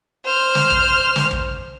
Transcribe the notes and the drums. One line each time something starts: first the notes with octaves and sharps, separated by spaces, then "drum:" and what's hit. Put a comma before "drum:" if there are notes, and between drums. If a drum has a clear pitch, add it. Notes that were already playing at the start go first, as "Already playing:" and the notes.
C5 F6
drum: snare
drum: kick
drum: snare
drum: kick